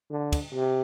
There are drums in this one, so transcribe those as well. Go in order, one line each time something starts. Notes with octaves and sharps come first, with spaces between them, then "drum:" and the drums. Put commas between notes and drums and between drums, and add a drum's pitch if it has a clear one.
D3
drum: kick, cymbal
C3